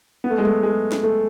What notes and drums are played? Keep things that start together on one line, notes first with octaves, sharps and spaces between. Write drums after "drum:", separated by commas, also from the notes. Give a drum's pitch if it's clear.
B3
A3
G#3
A3, drum: tom F#3
G#3
drum: snare
A3